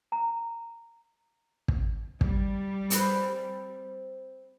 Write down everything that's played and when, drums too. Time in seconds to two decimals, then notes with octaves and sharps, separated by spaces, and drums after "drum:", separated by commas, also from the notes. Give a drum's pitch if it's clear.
0.12 A#5
1.68 drum: kick
2.21 G3, drum: kick
2.90 C4 G#4 B4, drum: hi-hat